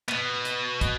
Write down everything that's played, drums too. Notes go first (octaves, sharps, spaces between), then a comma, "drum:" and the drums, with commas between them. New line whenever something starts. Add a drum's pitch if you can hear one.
B2, drum: clap
drum: hi-hat
drum: kick, hi-hat